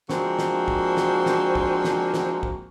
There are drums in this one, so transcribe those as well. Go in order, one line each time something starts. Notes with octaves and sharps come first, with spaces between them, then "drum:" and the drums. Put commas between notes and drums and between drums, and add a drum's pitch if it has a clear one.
F3 G#3 A#3 C4 D4 F#4, drum: snare
drum: snare
drum: kick
drum: snare
drum: snare
drum: kick
drum: snare
drum: snare
drum: kick